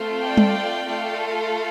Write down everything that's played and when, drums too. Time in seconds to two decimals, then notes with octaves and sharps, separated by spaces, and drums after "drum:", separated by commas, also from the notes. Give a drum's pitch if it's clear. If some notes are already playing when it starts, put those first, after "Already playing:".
Already playing: A3 C4 F4 A4
0.21 D5 G5
0.37 drum: tom G3
0.86 A3 F4 A4